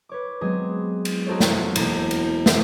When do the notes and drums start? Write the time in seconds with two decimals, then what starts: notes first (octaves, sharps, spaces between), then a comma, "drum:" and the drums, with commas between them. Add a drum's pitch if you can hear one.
0.09 B4 C#5 D6
0.41 F#3 G#3 B3 C4 G#4
1.05 drum: cymbal
1.27 D#4 F#4 A4 C5 C#5
1.40 drum: snare
1.76 E1 A#3 E4, drum: cymbal
2.11 drum: cymbal
2.46 drum: snare